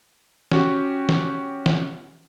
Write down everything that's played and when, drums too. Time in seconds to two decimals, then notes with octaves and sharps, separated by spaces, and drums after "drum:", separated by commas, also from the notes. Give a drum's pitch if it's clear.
0.51 C#4 F#4 G4, drum: snare
1.09 drum: snare
1.66 drum: snare